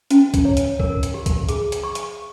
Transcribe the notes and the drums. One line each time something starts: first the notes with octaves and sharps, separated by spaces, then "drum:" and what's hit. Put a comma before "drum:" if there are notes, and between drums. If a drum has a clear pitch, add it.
C#4, drum: hi-hat
drum: kick C2, hi-hat
C#5
drum: hi-hat
A#4, drum: kick C2
drum: hi-hat
G4
drum: kick C2, hi-hat
G#4, drum: hi-hat
drum: hi-hat
C#6
drum: hi-hat